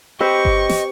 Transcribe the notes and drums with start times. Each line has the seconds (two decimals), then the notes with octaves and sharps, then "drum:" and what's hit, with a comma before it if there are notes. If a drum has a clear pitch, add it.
0.21 C4 G4 B4 C5 D#5 C#6
0.45 drum: kick G1
0.69 drum: snare